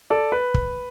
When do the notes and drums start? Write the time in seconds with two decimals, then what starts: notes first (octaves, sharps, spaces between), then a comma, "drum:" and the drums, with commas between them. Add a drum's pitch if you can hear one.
0.10 A4 D5
0.32 B4
0.54 drum: kick